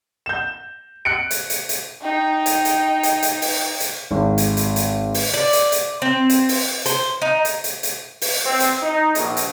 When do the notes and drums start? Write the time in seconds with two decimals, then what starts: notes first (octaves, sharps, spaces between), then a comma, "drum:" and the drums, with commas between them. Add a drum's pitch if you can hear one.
0.26 G6 E7
1.05 F#6 C#7 D7
1.31 drum: hi-hat
1.50 drum: hi-hat
1.69 drum: hi-hat
2.02 D#4 G5
2.46 drum: hi-hat
2.65 drum: hi-hat
3.03 drum: hi-hat
3.23 drum: hi-hat
3.42 drum: open hi-hat
3.80 drum: hi-hat
4.11 G#1
4.38 drum: hi-hat
4.57 drum: hi-hat
4.76 drum: hi-hat
5.14 drum: open hi-hat
5.34 D5
5.53 drum: hi-hat
5.72 drum: hi-hat
6.02 C4
6.30 drum: hi-hat
6.49 drum: open hi-hat
6.86 C5, drum: hi-hat
7.22 D#4
7.45 drum: hi-hat
7.64 drum: hi-hat
7.83 drum: hi-hat
8.21 drum: open hi-hat
8.44 C4
8.60 drum: hi-hat
8.83 D#4
9.15 A#1, drum: hi-hat
9.37 drum: hi-hat